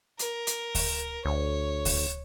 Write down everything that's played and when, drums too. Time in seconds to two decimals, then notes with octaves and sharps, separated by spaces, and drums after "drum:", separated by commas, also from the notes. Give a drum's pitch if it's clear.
0.19 A#4, drum: hi-hat
0.47 drum: hi-hat
0.75 drum: kick D2, open hi-hat
1.25 D2 C#5
1.85 drum: kick D2, open hi-hat